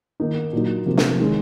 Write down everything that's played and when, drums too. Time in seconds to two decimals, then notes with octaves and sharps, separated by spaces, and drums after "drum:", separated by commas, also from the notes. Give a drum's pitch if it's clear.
0.20 D#3 A#3 D#4
0.53 A#2 F#3 A#3 D#4
0.86 C3 F3 A#3
0.97 drum: snare
1.20 D#3 G#3 C#4